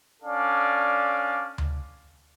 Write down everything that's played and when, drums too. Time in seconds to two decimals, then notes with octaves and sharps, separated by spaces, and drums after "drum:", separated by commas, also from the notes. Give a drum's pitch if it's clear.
0.23 C#4 D4 A4 D5 F5
1.58 drum: tom D2